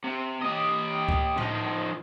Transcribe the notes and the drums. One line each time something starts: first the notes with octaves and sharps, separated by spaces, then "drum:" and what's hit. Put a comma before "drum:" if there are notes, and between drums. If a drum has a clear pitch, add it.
C3
G4 D#5
drum: kick C#2
F3 D#4, drum: tom A2